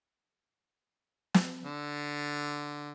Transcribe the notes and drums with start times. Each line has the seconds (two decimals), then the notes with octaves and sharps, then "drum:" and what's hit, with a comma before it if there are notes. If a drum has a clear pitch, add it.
1.34 drum: snare
1.64 D3